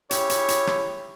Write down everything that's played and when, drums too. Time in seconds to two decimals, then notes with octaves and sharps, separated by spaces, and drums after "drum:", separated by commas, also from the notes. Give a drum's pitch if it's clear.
0.11 C#3 E4 G4 C#5, drum: hi-hat
0.30 drum: hi-hat
0.48 drum: hi-hat
0.67 drum: rim click